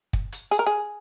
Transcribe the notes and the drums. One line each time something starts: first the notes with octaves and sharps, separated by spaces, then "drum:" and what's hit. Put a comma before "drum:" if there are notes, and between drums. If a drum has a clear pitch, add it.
drum: kick
drum: hi-hat
G#4, drum: hi-hat
A#4
G#4